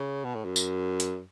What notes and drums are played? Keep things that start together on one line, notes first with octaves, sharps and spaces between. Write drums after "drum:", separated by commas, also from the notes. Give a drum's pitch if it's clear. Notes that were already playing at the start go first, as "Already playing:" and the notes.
Already playing: C#3
B2
A2
F#2
drum: tambourine
drum: hi-hat